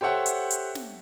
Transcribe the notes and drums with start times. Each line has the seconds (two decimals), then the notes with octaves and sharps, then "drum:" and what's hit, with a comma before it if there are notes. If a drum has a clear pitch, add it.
0.01 G4 A4 C5 C#5 E5 F#5
0.26 drum: hi-hat
0.50 drum: hi-hat
0.75 drum: snare